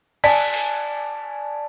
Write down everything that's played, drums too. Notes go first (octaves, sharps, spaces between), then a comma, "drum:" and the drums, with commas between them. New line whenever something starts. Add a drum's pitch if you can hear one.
D5 G#5 A5 B6, drum: cymbal
drum: open hi-hat